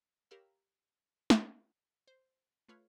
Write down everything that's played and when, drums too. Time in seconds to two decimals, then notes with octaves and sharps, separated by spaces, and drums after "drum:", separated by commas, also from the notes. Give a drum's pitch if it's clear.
0.31 G4 A#4 C#5 F5 B5 E6
1.30 drum: snare
2.07 C5
2.68 A3 F4 B4 C#5 F5